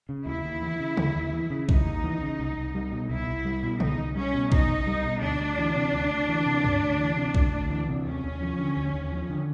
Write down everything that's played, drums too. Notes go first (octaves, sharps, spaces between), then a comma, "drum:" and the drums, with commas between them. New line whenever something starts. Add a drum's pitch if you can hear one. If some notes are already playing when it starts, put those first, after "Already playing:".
C#3
D#2 E4
D#2
E3
C#3
D#2, drum: tom C#3
D#2
E3
C#3
D#2 D#4, drum: kick A#1
D#2
E3
C#3
C2
C2
G3
B2
C2 E4
C2
G3
B2
C2 D#4, drum: tom C#3
C2
G3 C#4
B2
C2 D#4, drum: kick A#1
C2
G3
B2
D2 D4
D2
E3
C3
D2
D2
E3
C3
D2, drum: tom G2
D2
E3
C3
D2, drum: kick A#1
D2
E3
C3
D#2 C#4
D#2
F3
D3
D#2
D#2
F3
D3